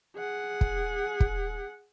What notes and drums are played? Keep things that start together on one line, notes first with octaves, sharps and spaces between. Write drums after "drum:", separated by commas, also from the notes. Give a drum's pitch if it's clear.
G#4 F#5
drum: kick
drum: kick